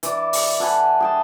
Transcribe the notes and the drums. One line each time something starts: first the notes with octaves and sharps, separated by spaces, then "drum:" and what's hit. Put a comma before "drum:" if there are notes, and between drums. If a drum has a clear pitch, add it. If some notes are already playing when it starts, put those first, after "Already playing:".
E3 D5, drum: hi-hat
drum: open hi-hat
A4 F#5 G#5 B5
G#4 G5 A5